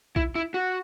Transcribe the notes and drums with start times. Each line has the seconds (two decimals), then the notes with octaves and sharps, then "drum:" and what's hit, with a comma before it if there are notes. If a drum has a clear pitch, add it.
0.16 E4, drum: kick
0.35 E4
0.54 F#4